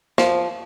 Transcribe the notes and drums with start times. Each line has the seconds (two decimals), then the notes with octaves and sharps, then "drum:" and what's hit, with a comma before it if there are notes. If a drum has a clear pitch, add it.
0.18 F3, drum: snare